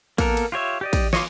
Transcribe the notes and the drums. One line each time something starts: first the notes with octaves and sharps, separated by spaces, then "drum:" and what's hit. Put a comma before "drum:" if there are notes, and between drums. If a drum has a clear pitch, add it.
A#3 B3 A4 A#4, drum: kick, cymbal
drum: cymbal
F4 G4 C#5 E5
G4 D5 D#5
drum: kick, cymbal
C#5 D#5 F5 C6 D6, drum: snare